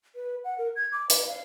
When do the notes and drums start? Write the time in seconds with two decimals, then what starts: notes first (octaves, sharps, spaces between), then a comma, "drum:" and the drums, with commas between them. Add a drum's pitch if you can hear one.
0.16 B4
0.44 F#5
0.58 A#4
0.76 G#6
0.92 D6
1.10 B4, drum: hi-hat
1.28 F5